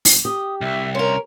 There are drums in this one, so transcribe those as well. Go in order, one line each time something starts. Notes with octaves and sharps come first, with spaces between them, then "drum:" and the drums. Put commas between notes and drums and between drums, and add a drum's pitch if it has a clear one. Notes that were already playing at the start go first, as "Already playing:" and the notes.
drum: open hi-hat
G4 D#6
C2 E5
C#4 A#4 C6